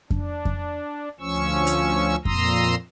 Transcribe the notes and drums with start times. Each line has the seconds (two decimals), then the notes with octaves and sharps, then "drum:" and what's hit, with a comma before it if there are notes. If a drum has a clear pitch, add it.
0.10 D4, drum: kick F2
0.45 drum: kick F2
1.20 D2 F3 C#4 C#6 E6
1.67 drum: hi-hat
2.25 F2 A#2 A#5 C6 D#6 E6, drum: kick F2